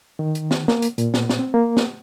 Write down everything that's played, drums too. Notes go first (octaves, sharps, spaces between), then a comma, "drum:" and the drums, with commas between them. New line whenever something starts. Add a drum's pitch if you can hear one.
D#3
drum: hi-hat
drum: snare
A#3, drum: snare
drum: hi-hat
A#2, drum: hi-hat
drum: snare
drum: snare
C4
A#3
drum: snare